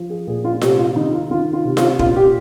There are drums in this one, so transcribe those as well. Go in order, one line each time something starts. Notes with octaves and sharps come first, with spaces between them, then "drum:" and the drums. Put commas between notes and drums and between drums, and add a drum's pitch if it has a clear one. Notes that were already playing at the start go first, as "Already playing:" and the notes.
Already playing: F3
G#4
A#2 G#4
F4
C3 G4, drum: snare F4
F4
D#3 D#4
F4
D#3 F4
F4
C3
F4, drum: snare F4
A#2 F4, drum: kick
G4